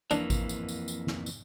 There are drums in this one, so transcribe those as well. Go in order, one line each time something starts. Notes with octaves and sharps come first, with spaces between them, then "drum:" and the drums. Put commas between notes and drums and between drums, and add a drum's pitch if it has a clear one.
F2 E3 A#3 D4, drum: tambourine
drum: kick G#1, tambourine
drum: tambourine
drum: tambourine
drum: tambourine
drum: snare
drum: tambourine